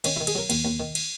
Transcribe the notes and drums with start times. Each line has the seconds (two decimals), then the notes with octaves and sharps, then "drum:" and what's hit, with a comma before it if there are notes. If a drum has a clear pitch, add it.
0.04 D#3 C#4, drum: cymbal
0.16 D#3 E4
0.27 G#4, drum: cymbal
0.35 F#3 A#4
0.50 D#2, drum: cymbal
0.65 D#2
0.80 D#3
0.95 drum: cymbal